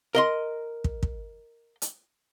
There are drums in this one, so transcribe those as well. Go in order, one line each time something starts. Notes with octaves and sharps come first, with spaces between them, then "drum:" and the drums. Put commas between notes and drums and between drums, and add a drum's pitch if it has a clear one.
A#4 D#5 C6
drum: kick
drum: kick
drum: hi-hat